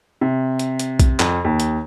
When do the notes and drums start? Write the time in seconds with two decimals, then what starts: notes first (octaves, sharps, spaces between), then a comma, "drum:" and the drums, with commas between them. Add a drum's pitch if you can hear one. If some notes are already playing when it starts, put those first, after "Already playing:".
0.21 C3
0.59 drum: hi-hat
0.79 drum: hi-hat
1.00 drum: kick A#1, hi-hat
1.20 F2, drum: clap
1.45 D#2
1.60 drum: hi-hat